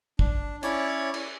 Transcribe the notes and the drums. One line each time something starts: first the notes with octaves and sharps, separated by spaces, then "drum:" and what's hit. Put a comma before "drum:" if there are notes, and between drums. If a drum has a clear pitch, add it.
D4, drum: kick
C#4 E4 C#5 D5, drum: hi-hat
drum: cymbal